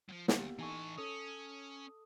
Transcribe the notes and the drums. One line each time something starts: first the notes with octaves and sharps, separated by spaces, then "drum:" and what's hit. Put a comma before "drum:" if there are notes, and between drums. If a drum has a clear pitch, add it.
F3 F#3
D2 A#3 B3 G4, drum: snare
E3 D#4 A4 G#5 C#6
C#4 A4 D#6